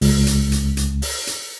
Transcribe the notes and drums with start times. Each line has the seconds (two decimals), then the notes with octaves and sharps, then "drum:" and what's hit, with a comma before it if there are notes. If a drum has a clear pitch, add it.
0.01 C#2, drum: open hi-hat
0.27 drum: hi-hat
0.52 drum: hi-hat
0.77 drum: hi-hat
1.02 drum: open hi-hat
1.27 drum: hi-hat